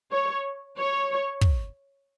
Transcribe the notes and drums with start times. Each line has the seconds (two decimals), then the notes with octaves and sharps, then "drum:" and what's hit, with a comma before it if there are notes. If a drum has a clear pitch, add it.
0.11 C#5
0.77 C#5
1.41 drum: kick